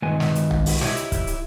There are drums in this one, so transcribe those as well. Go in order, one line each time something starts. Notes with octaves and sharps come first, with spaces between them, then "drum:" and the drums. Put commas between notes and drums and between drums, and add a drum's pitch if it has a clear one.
G2 D#3 G#3 B4 G#5
drum: snare
drum: hi-hat
drum: tom B1
drum: open hi-hat
E4 G4 C#5 D#5, drum: snare
drum: hi-hat
drum: kick, hi-hat
drum: hi-hat